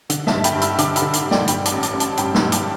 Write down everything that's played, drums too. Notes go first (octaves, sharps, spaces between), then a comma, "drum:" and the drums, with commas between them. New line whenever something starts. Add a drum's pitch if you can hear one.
D3, drum: hi-hat
E5 A5, drum: snare
G2
G5 B5, drum: hi-hat
G2
B5 E6, drum: hi-hat
D3 A5 D6, drum: hi-hat
B5 E6, drum: hi-hat
D3
drum: hi-hat
G2
D5 G5, drum: snare
G2 G5 B5, drum: hi-hat
A5 D6, drum: hi-hat
A1
A5 D6, drum: hi-hat
A1
A5 D6, drum: hi-hat
G2 G5 B5, drum: hi-hat
B5 E6, drum: snare
G2
A5 D6, drum: hi-hat